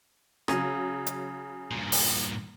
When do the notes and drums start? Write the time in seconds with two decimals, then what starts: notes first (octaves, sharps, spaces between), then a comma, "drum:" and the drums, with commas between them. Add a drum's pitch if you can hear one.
0.48 C#3 F#3 G#5 A#5 D#6, drum: rim click
1.06 drum: hi-hat
1.71 G2 A#2
1.92 drum: open hi-hat